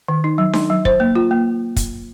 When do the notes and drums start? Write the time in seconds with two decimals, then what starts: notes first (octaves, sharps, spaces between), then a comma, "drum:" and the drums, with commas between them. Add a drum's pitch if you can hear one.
0.08 D#3
0.24 D#4
0.38 F#3
0.53 D#4, drum: snare D4
0.70 F#3
0.85 C5, drum: kick
1.00 A#3
1.15 F4
1.31 A#3
1.76 drum: kick, hi-hat